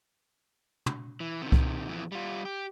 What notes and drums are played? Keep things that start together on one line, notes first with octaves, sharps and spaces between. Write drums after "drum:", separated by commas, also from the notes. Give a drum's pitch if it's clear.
drum: tom
E3
C3 D#3
drum: kick C2
F2 E3
G3 F4
G4